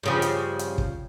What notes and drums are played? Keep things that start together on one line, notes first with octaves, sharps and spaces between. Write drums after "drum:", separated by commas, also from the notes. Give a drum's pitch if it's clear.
G2 C#3 F3
drum: hi-hat
drum: hi-hat
drum: kick